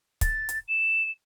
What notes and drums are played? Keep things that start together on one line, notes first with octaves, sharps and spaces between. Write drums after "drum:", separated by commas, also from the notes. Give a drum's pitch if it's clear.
A6, drum: kick, hi-hat
drum: hi-hat
E7